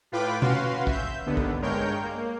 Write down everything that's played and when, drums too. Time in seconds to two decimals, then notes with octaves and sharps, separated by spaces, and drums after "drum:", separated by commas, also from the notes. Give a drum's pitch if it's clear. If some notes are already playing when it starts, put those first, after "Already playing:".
0.12 A2 F4 B4 G5 B5 D6
0.42 C#4 F#4 B4 F5 C6, drum: tom B2
0.87 E5 G6, drum: kick
1.26 D#2 D3 B3
1.37 drum: kick
1.61 G2 G#3 A#4 C#5 G5 G6
2.03 A#3